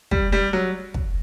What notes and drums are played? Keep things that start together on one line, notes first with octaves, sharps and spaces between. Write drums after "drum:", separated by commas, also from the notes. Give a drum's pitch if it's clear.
G3, drum: kick
G3
F#3
drum: kick